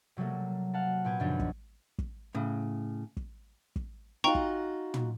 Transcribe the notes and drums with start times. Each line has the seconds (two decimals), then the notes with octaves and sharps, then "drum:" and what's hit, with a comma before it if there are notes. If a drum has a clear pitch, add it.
0.17 C3 F#3 G3 A3 A#3
0.74 F5 F#5 A5
1.04 A#2 B3 G4 G#5
1.20 F#2 C#3 F3 D4 D#4 F4
1.39 drum: kick
1.98 drum: kick
2.35 A2 C#3
3.17 drum: kick
3.76 drum: kick
4.24 D#4 F4 F#4 G5 A#5 C#6
4.35 drum: kick
4.94 drum: tom